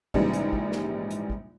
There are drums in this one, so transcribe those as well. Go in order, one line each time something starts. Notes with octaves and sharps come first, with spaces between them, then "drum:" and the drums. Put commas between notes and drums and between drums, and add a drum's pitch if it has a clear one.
A#1 G#2 C#3 E3 G3 G#3, drum: kick
drum: hi-hat
drum: kick
drum: snare
drum: hi-hat
drum: kick